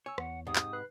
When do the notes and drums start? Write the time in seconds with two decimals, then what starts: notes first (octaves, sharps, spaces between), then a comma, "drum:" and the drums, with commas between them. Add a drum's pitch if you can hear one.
0.06 C#5 G#5 E6
0.18 E2 F#5, drum: rim click
0.47 G#2 C3 D#6
0.56 drum: clap
0.73 B4 F#6 C7